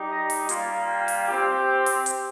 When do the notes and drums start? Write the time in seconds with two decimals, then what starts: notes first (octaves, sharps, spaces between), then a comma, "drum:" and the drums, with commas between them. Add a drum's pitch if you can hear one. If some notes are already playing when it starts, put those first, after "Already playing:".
Already playing: G3 D#4 G4
0.11 D#5
0.30 drum: open hi-hat
0.49 G3 A#3 F4, drum: hi-hat
0.89 G5
1.08 drum: open hi-hat
1.28 C4 G4
1.86 drum: open hi-hat
2.06 drum: hi-hat